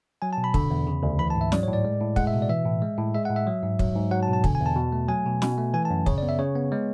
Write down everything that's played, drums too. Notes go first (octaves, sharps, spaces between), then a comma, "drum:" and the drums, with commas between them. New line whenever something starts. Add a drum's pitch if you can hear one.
F#3 G#5
A5
B2
B5
D3, drum: kick
E2
C#3
D2
E3 B5
A5
G#2
E5
F#3 D5, drum: snare
C#5
A2
D5
G#3
A2
G#3 F#5, drum: kick
E5
B2
D5
E3 E5
A2
G#3
A2
G#3 E5
F#5
A2
E5
F#3
G#2
F#3, drum: kick
G#2
F#3 F#5
A5
B2
A5
D3 G#5, drum: kick
G#5
E2
A5
B2
A3
F#3 G#5
B2
B2, drum: snare
A3
E3 G#5
A5
F#2
C#3 C#5, drum: kick
D5
B3
E5
C#3 C#5
B3
G#3